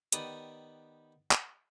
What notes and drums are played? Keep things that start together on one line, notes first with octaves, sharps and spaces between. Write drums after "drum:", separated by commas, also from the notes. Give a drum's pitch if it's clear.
D#3 B3 G4 D5 D#6, drum: hi-hat
drum: clap